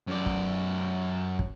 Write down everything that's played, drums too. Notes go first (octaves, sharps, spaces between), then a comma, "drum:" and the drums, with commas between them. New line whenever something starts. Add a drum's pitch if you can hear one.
F#2 D5
drum: kick
drum: kick